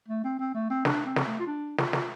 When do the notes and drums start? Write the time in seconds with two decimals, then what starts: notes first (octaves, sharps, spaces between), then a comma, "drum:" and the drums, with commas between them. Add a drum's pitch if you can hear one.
0.08 A3
0.24 C4
0.39 C4
0.54 A3
0.70 C4
0.85 D4, drum: snare
1.05 C4
1.16 drum: snare
1.27 A3
1.39 F4
1.47 D4
1.78 F4, drum: snare
1.93 drum: snare